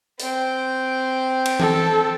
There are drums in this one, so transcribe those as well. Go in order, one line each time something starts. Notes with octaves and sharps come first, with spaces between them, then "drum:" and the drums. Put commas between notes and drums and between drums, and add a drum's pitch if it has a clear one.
C4 G5, drum: open hi-hat
drum: cymbal
A4, drum: tom E3